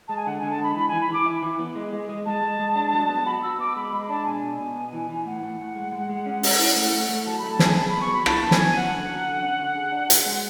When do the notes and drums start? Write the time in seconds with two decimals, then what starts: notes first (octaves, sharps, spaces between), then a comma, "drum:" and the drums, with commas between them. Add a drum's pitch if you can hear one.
0.08 G#3 A5
0.17 G#5
0.26 D3 F#5
0.39 D3 G#5
0.50 A5
0.59 G#3 B5
0.76 E3 B5
0.88 E3 G#5
1.01 B5
1.09 E3 D6
1.26 E4
1.42 E3
1.59 B3
1.75 G#3
1.93 G#3
2.09 G#3
2.26 G#3 A5
2.42 G#3
2.59 G#3
2.76 D4
2.93 F#3
3.09 B3
3.26 F#4 B5
3.42 F#4 E6
3.59 B3 D6
3.76 G#3 B5
3.93 G#3 B5
4.04 B5
4.09 D4 A5
4.26 B2 G#5
4.43 B2
4.60 B2
4.75 B3
4.93 E3
5.09 E3
5.26 A2 F#5
5.43 A2
5.60 A2
5.76 G#3
5.92 G#3
6.09 G#3
6.26 C#4
6.43 C#4, drum: open hi-hat
6.59 E4
6.76 A3
6.93 A3
7.09 A3
7.26 F#3 A5
7.38 A3 B5
7.51 A5
7.59 G#4 G#5, drum: snare
7.76 G#4 A5
7.89 B3 B5
8.01 C#6
8.09 F#3 B5
8.26 E4 A5, drum: rim click
8.43 B3
8.51 G#5, drum: snare
8.60 F#3
8.76 C#4 F#5
8.93 D3
9.10 F#3
9.26 D3
9.42 C#4
9.59 D3
9.76 G#4
9.92 D4
10.10 G#4, drum: hi-hat
10.26 G#3